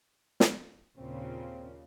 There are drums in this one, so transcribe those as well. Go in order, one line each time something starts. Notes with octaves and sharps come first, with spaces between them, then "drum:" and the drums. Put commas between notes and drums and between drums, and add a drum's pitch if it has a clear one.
drum: snare
D#2 A#2 C#3 C4